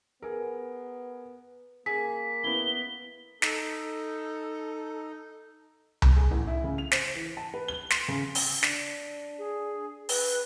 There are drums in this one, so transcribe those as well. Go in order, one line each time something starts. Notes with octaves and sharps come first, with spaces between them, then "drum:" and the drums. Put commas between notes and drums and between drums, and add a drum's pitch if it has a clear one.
B3 G#4 A#4
A#3 G#4 B6
B3 E4 G7
D#4 A4, drum: snare
drum: tom C2
G#4
A1
E4
C#3
F7
C5, drum: snare
E3
A5
B4
G7
C6, drum: snare
C#3
drum: open hi-hat
D4, drum: snare
G#4
B4, drum: open hi-hat